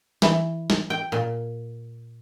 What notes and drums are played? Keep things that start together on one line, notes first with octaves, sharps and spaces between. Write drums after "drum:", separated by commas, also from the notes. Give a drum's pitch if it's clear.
E3, drum: snare
drum: snare
G5
A#2